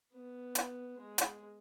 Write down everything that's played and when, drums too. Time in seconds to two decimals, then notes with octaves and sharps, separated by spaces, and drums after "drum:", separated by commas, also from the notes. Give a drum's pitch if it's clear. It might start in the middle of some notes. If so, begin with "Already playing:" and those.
0.13 B3
0.55 drum: hi-hat
0.98 G#3
1.18 drum: hi-hat